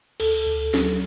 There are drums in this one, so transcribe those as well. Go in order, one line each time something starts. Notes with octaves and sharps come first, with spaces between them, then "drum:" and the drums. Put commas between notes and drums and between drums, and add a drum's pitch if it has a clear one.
D2 A4, drum: cymbal
D2
F#3, drum: snare